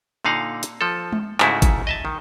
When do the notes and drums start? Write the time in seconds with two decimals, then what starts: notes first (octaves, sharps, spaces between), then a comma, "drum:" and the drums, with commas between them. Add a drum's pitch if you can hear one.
0.25 A#2 D3 D#4 F5 F#5 A#5
0.63 drum: hi-hat
0.81 F3 A4
1.12 drum: tom G#3
1.40 G#2 C#3 A3 E4 F#4, drum: clap
1.62 drum: kick G#1, hi-hat
1.87 D#5 E5 A5
2.05 D#3